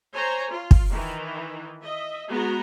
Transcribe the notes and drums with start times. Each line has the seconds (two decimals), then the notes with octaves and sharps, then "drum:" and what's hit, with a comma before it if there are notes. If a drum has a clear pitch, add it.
0.13 C5 C#5 G#5 A#5
0.51 F4
0.71 drum: kick
0.91 D#3 E3
1.81 D#5 E5
2.29 G#3 B3 F#4 A#5